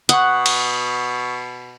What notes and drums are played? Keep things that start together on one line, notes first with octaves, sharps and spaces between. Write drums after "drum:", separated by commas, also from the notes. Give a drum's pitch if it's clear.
B2 F#5 C#6 D#6, drum: hi-hat
drum: cymbal